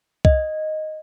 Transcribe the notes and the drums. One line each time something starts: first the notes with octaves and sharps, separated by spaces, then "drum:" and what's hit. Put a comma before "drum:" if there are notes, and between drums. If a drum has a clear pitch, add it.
D#5, drum: kick C2